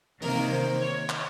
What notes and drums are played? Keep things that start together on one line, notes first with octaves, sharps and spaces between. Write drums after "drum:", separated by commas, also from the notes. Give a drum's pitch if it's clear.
C3 D#3 A#3 A#4, drum: open hi-hat
C5
C#5
drum: clap